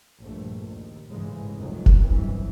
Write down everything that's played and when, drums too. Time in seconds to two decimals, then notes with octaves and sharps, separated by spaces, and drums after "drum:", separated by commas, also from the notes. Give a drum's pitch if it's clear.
0.20 A#1 G2 A3
0.69 D#2
1.11 A1 G#2 C#3 E3 G#3
1.55 F1 C2 F2 D#3 F#3
1.86 drum: kick F1
2.01 G1 C2 F#2 B2 E3